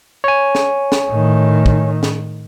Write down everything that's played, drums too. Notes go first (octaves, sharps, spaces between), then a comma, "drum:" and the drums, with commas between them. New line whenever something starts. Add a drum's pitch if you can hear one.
C#5 G#5
drum: snare
drum: snare
A2 D#3
drum: kick
drum: snare